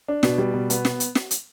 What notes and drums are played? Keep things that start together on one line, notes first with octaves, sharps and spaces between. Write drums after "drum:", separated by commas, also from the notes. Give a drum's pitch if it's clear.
D4
B2, drum: snare
G3
B2
B3, drum: hi-hat
drum: snare
drum: hi-hat
drum: snare
drum: hi-hat